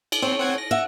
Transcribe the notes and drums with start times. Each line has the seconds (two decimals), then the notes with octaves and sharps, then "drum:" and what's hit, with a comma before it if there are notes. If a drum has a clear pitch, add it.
0.12 drum: cymbal
0.22 C4 C#5
0.39 C4 F#5 G#6
0.58 A#6
0.71 E5 F#5